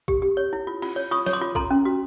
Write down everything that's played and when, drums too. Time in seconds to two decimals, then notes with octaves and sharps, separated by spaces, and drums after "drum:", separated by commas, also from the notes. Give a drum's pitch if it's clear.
0.08 G4, drum: kick A#1
0.22 G4
0.37 C#5
0.53 E4
0.67 F4
0.82 F4, drum: cymbal
0.96 C#5
1.11 F4 C#6 D#6
1.26 C#5, drum: snare
1.33 C6 D6
1.41 F4
1.55 A4 A#5 C6, drum: kick A#1
1.71 C#4
1.85 F#4